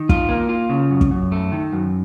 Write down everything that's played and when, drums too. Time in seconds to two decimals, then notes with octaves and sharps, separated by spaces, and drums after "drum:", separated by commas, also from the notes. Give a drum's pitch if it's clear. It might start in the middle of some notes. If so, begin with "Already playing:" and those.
Already playing: D#3
0.09 F4, drum: kick
0.29 A#3
0.49 F4
0.70 C#3
0.90 F#2
1.01 drum: kick
1.11 F#2
1.32 A3
1.52 D#3
1.73 F#2